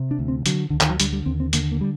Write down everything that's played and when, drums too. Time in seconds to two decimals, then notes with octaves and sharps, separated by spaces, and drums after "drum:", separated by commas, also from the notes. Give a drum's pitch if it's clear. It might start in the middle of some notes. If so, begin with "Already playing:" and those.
Already playing: C3
0.11 D4
0.19 D2
0.28 C4
0.46 D3 F#3, drum: hi-hat
0.70 D2 D3
0.81 D#3, drum: clap
0.89 F#3
1.00 D3 G3, drum: hi-hat
1.13 G3
1.26 D#2 C4
1.40 C4
1.53 D3 A#3, drum: hi-hat
1.72 A#3
1.81 G3